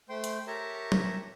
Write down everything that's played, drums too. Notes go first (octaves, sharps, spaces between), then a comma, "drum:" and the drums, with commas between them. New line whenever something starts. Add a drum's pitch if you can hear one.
A3 C5 G5 C6
drum: hi-hat
G4 A#4 C#5 E5 A5 A#5
drum: tom F#3